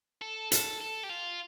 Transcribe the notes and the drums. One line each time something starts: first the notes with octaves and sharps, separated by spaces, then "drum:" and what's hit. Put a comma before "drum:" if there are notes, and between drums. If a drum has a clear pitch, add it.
A4
A4, drum: hi-hat
A4
G4
F4